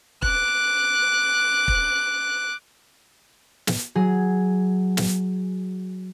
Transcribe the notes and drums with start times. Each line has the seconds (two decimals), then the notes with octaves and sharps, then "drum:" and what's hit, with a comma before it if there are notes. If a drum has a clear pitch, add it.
0.22 D6 F#6, drum: kick
1.68 drum: kick
3.67 drum: snare
3.95 F#3 G#4
4.97 drum: snare